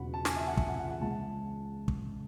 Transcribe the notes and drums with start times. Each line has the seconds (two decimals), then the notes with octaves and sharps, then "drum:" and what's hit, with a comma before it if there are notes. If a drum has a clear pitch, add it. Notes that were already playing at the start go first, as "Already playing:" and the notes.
Already playing: E1 E2 C#3 F#3 F#5 B5
0.14 A5
0.25 G#5, drum: snare
0.36 E5
0.47 F#5
0.57 G#5, drum: kick
0.69 F#5
0.80 F#5
0.90 F#5
1.01 C#2 C#3 G#3 A5
1.88 drum: kick